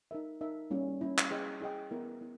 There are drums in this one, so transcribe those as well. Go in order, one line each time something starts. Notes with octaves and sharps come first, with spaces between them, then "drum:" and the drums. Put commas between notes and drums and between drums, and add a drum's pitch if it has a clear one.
D#4 A#4 E5
D#4 A#4 E5
G3 A#3 C#4 E4
G3 A#3 C#4 E4
drum: clap
E4 G#4 D#5 G5
E4 G#4 D#5 G5
B3 E4 A#4
B3 E4